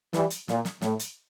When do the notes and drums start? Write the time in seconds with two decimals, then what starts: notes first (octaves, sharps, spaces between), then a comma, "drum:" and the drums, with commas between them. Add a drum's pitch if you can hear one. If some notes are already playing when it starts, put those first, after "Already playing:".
0.13 E3 G3, drum: snare
0.30 drum: hi-hat
0.48 A#2, drum: snare
0.65 drum: snare
0.81 A2, drum: snare
0.99 drum: hi-hat